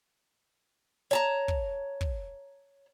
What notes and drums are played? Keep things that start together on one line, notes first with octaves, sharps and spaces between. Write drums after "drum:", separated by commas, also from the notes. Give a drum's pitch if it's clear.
C#5 A5 A#5
drum: kick
drum: kick